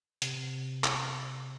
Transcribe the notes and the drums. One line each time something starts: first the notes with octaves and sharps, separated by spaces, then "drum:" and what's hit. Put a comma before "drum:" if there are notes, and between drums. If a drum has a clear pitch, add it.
C3, drum: hi-hat
drum: clap